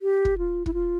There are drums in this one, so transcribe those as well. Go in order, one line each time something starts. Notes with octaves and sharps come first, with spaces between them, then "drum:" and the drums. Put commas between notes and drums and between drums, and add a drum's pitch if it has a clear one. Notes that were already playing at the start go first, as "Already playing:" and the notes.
G4
drum: kick
F4
E4, drum: kick
F4